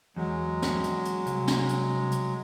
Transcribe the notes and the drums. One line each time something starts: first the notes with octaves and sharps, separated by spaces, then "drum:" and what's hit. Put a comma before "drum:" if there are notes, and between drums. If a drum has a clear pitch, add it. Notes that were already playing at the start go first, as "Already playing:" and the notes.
E2 F#3 G#3
drum: snare
drum: hi-hat
drum: hi-hat
C2, drum: hi-hat
drum: snare
drum: hi-hat
drum: hi-hat